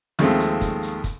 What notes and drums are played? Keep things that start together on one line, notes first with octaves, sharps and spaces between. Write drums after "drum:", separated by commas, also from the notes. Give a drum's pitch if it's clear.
D#2 F3 G#3 A3 C4, drum: snare
drum: hi-hat
drum: kick, hi-hat
drum: hi-hat
drum: kick, hi-hat